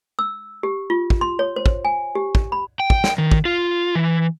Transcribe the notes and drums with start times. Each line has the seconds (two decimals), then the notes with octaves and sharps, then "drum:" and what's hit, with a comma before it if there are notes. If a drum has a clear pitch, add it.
0.19 E6
0.63 G4
0.90 F4
1.10 drum: kick
1.21 C6
1.39 C#5
1.56 C5
1.66 drum: kick
1.85 G#5
2.15 G4
2.35 drum: kick
2.52 B5
2.80 G5
2.90 drum: kick
3.04 drum: snare
3.18 D#3
3.31 drum: kick
3.45 F4
3.95 E3